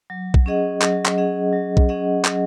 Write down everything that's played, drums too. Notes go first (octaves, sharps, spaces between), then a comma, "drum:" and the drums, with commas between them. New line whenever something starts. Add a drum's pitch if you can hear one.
F#3
drum: kick B1
C#4 G#4 D#5 F#5
F#3, drum: clap
drum: clap
C#4 G#4 D#5 F#5
F#3
drum: kick B1
C#4 G#4 D#5 F#5
F#3, drum: clap